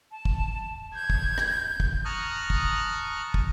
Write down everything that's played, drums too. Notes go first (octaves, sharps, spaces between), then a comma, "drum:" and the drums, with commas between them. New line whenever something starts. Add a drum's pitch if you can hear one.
A5
drum: kick
G6 G#6
drum: kick
drum: rim click
drum: kick
A5 A#5 C#6 D#6 F6 F#6
drum: kick
drum: kick